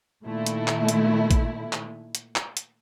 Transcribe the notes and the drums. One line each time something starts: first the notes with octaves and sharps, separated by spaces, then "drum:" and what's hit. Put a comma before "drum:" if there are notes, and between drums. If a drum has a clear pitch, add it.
A#2 D#3 A3 E4
drum: hi-hat
drum: clap
drum: hi-hat
drum: kick, hi-hat
drum: clap
drum: hi-hat
drum: clap
drum: hi-hat